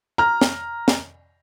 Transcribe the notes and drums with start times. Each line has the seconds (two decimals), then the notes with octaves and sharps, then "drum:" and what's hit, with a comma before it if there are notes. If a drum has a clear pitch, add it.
0.18 A#5 F6
0.41 drum: snare
0.88 drum: snare